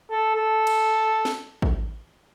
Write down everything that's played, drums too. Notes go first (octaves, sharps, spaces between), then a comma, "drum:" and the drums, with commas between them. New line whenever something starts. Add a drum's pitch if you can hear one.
A4
A4
drum: cymbal
drum: snare
drum: kick